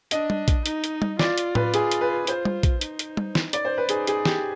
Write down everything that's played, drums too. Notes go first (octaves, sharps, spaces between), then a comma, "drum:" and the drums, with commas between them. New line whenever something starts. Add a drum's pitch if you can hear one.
D4 D#5, drum: hi-hat
drum: tom G3
drum: kick A#1, hi-hat
D#4, drum: hi-hat
drum: hi-hat
drum: tom G3
F4 D5, drum: snare
drum: hi-hat
B4, drum: tom A2
G#4, drum: hi-hat
drum: hi-hat
B4
F4 C5, drum: hi-hat
drum: tom G3
drum: kick A#1, hi-hat
D#4, drum: hi-hat
drum: hi-hat
drum: tom G3
drum: snare
D5, drum: hi-hat
C5
B4
D#4 G#4, drum: hi-hat
G#4, drum: hi-hat
G4, drum: snare